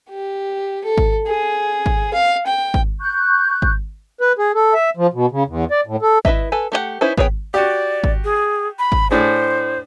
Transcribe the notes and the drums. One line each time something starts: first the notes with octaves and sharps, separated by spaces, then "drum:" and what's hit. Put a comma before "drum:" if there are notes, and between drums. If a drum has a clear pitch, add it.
G4
A4
drum: kick G#1
G#4
drum: kick G#1
F5
G5
drum: kick G#1
C#6 F#6 G6
drum: kick G#1
B4
G#4
A4
E5
F3
B2
C#3
E2
D5
A2
A4
E4 F#4 B4 D#5 E5, drum: kick G#1
A4 B4 G#5
A3 G4 D5 F#5
C#4 D#4 E4 B4 C5
B3 G#4 C#5 F5 G5, drum: kick G#1
F#4 G4 D5
drum: kick G#1
G#4
B5
drum: kick G#1
A2 D4 G#4 C5